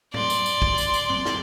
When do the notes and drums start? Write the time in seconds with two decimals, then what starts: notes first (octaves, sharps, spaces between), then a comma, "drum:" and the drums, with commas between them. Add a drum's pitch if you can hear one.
0.14 D5 C6, drum: tom G#2
0.30 drum: tambourine
0.46 drum: tambourine
0.62 drum: kick
0.78 drum: tambourine
0.94 drum: tambourine
1.10 drum: tom
1.25 drum: snare